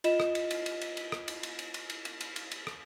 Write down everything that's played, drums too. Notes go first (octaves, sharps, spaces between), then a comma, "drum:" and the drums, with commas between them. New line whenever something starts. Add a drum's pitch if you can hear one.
F4 D#5 E7, drum: cymbal
drum: rim click
drum: cymbal
drum: cymbal
drum: cymbal
drum: cymbal
drum: cymbal
drum: rim click
drum: cymbal
drum: cymbal
drum: cymbal
drum: cymbal
drum: cymbal
drum: cymbal
drum: cymbal
drum: cymbal
drum: cymbal
drum: rim click